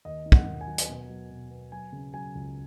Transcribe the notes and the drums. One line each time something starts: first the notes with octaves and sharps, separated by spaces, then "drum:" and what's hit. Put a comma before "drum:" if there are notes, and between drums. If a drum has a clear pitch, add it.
D#2 D#5
D#3
F#5, drum: kick
D#2
G#5
F#3
drum: hi-hat
B2
F#3
B2
B3
F#3 G#5
C#3
F#3 G#5
C#2